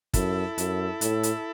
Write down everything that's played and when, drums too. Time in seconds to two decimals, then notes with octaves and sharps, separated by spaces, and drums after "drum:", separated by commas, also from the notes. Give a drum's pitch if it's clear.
0.14 F#2 E4 A4, drum: kick, hi-hat
0.58 F#2, drum: hi-hat
1.01 A2, drum: hi-hat
1.23 drum: hi-hat